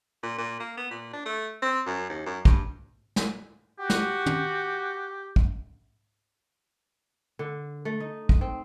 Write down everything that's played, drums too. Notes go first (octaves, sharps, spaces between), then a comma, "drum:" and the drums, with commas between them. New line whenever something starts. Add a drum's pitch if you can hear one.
A#2
A#2
A#3
B3
A#2
D4
A3
C4
F#2
D#2
F#2
G2, drum: kick
drum: snare
F#4 G4
drum: snare
drum: tom
drum: kick
D3
A3
D#4
drum: kick
C4